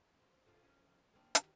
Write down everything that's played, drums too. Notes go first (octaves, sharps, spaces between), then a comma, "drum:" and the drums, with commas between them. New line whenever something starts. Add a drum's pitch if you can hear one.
C5
D3 F4
F3 C#4
A#3 C4 D4
D#3 F#4 G4, drum: hi-hat